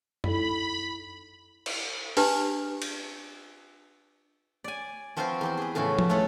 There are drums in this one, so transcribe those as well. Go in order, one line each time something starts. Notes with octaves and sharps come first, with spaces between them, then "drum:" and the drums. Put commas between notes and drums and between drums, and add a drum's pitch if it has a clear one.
D#4 E4 A4 B5, drum: tom F#2
drum: cymbal
D4 G4 B4 A5, drum: open hi-hat
drum: cymbal
D5 G#5
F3 C4 F4 F#4 B4 C5
E2 G4 C6
G#4 B4
A2 C#3 E3 F3 F#4
drum: tom F3
A3 F4 G#4 A4 C#5 F#5